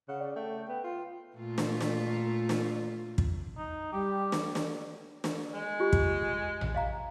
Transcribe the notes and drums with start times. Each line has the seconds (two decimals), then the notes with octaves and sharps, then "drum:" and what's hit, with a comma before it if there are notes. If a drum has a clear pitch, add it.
0.08 C#3 F#5
0.20 D5
0.36 A3 G5
0.69 B3
0.84 F4
1.36 A#2 A3 F4
1.58 drum: snare
1.81 drum: snare
2.49 drum: snare
3.18 drum: kick
3.57 D#4
3.93 G3 G4
4.32 drum: snare
4.55 drum: snare
5.24 drum: snare
5.54 G#3
5.80 F4 G4
5.93 drum: kick
6.61 drum: tom A#1
6.75 D#5 F5 A#5